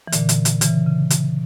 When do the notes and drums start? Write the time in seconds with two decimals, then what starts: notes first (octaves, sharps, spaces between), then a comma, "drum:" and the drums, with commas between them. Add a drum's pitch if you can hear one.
0.07 E3
0.12 A#2 D3, drum: hi-hat
0.29 drum: hi-hat
0.45 drum: hi-hat
0.61 C#3 E3, drum: hi-hat
0.86 C#3
1.10 drum: hi-hat